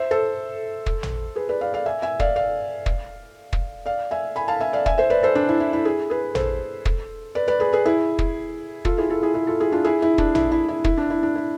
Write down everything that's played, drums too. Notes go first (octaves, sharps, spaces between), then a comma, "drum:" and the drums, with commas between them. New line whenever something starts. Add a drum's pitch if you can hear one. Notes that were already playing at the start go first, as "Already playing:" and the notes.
Already playing: C5 E5
A4 C5
drum: kick
drum: tom A1
G#4 B4
B4 D5
D5 F5
D5 F5
E5 G#5
E5 G#5
D5 F5, drum: kick
D5 F5
drum: kick
drum: kick
D5 F5
E5 G#5
G#5 B5
F5 A5
E5 G#5
D5 F5
E5 G#5, drum: kick
C5 E5
B4 D5
A4 C5
D4
E4
E4
E4
E4 G#4
G#4 B4
A4 C5, drum: tom A1
drum: kick
B4 D5
B4 D5
G#4 B4
G#4 B4
E4 G#4
drum: kick
F4 A4, drum: kick
E4 G#4
F4 A4
E4 G#4
E4 G#4
F4 A4
E4 G#4
D4 F4
E4 G#4
E4
D4, drum: kick
E4, drum: tom A1
E4
E4
E4, drum: kick
D4
E4
D4
E4